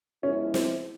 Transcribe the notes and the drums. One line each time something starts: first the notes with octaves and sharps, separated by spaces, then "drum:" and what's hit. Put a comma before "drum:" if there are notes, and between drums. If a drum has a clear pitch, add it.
F3 G#3 B3 C#4 E4
C4, drum: snare